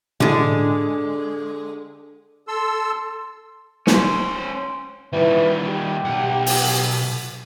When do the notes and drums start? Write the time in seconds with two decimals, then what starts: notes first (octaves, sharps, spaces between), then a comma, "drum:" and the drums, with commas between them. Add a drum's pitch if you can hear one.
0.20 D3 G#3, drum: tom A2
2.48 A4 C6 E6
3.87 C#4 C5, drum: snare
5.13 D#3 E3 G3
5.68 G4
6.05 B1 F#5
6.46 drum: open hi-hat